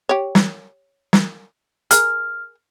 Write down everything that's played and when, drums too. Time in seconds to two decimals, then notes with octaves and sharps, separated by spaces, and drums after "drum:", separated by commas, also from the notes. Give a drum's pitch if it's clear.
0.09 G4 C#5
0.35 drum: snare
1.13 drum: snare
1.91 G#4 A#4 F6, drum: hi-hat